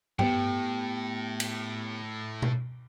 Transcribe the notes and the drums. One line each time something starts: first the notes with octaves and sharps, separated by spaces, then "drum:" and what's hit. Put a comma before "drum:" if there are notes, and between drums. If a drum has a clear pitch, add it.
A2 B3 G4 G5, drum: tom G2
drum: cymbal
drum: tom B2